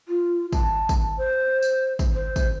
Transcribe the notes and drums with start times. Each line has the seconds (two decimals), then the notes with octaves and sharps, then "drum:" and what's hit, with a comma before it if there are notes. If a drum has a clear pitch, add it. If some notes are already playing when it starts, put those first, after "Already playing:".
0.08 F4
0.53 A5, drum: kick, tambourine
0.89 drum: kick, tambourine
1.17 C5
1.63 drum: tambourine
1.99 drum: kick, tambourine
2.14 C5
2.36 drum: kick, tambourine